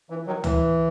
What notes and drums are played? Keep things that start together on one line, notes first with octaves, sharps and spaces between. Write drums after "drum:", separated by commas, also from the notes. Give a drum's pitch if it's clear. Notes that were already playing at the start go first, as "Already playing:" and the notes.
E3
D#3 F#3
E3, drum: tom C#2